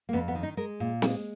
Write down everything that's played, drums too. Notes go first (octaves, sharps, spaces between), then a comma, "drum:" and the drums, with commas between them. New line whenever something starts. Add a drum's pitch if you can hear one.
A#3
F2 B3
B3
D#3
D#4
G#3 A#4
A#2
G#3, drum: snare